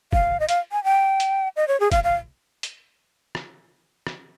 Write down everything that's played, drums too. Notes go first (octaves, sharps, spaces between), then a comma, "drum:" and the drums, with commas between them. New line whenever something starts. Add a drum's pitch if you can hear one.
F5, drum: kick
D#5
F5, drum: hi-hat
G#5
G5
drum: hi-hat
D#5
C#5
G#4
F5, drum: kick, hi-hat
F5
drum: hi-hat
drum: rim click
drum: rim click